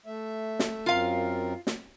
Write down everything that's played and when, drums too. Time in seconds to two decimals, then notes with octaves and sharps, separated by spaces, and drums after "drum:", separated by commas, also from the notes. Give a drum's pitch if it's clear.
0.06 A3 E5
0.59 drum: snare
0.86 F#2 C4 F4 A#4 F5
1.67 drum: snare